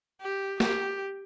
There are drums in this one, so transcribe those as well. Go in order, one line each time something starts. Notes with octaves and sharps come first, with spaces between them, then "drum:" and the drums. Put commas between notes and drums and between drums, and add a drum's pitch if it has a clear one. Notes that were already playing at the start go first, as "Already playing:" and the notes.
G4
G4, drum: snare